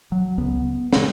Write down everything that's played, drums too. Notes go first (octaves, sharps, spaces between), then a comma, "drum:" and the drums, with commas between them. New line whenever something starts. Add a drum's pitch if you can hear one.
F#3
C#2 C#3 B3
C#3 G#3, drum: snare